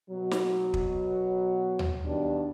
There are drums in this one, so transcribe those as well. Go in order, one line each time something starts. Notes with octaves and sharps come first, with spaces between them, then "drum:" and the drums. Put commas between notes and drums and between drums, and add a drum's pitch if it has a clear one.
B2 F#3
drum: snare
drum: kick
drum: tom D#2
G2 B2 D#3 G3 D4